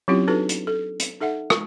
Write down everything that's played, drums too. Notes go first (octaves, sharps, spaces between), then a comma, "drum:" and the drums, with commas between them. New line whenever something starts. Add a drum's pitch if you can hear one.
F#3 C4 C#4 E4 F4 G4
D4 D#4 F#4 A4 B4
drum: hi-hat
A4
drum: hi-hat
D#4 A4 E5 F#5
C#6, drum: rim click